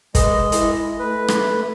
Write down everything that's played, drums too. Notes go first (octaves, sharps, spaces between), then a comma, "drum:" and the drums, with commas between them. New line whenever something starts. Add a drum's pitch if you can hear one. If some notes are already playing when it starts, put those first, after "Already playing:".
G#3 B4 D#5, drum: kick, hi-hat
E4, drum: hi-hat
A3 B4
drum: rim click